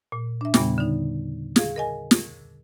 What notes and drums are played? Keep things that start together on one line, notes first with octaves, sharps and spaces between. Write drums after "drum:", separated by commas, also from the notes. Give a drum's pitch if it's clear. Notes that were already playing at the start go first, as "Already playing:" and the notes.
A#2
D4 E5
E2 A#2 C#3 G3 B3, drum: snare
D3 D#4
G#4 F5, drum: snare
A#4 D#5 G#5
drum: snare